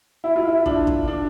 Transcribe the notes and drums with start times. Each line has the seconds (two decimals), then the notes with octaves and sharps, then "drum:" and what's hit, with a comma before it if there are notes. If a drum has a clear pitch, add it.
0.24 E4
0.36 F4
0.47 E4
0.66 D4, drum: kick
0.87 drum: kick
1.08 D4